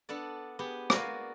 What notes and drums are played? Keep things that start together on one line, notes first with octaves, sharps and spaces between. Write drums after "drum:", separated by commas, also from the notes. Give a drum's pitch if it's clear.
B3 D4 A4 D5
B3 G4 G#4
A#3 B3 F#4 D5 F5 G#5, drum: rim click